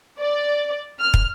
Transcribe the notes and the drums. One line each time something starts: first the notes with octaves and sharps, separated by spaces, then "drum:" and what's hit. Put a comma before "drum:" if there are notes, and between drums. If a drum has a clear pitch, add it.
D5
F6
drum: kick